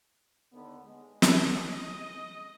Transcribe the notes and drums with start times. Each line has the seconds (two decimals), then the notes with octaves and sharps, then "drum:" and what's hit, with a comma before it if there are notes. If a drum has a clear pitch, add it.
0.52 D#2 D3 B3
0.85 G#3
1.22 C#4 D4, drum: snare
1.52 D#5